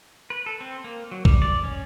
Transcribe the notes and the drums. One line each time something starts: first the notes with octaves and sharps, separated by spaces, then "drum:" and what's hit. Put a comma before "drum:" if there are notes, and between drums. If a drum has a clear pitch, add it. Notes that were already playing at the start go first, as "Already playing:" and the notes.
B4
A4
C4
A#3
F#3
G3, drum: kick B1
D5
C#4